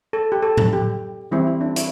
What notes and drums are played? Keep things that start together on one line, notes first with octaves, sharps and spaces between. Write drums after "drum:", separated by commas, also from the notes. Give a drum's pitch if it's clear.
A4
G4
A4
drum: tom A2
G4
E3 G3 C4 E4
E4
D4
E4, drum: hi-hat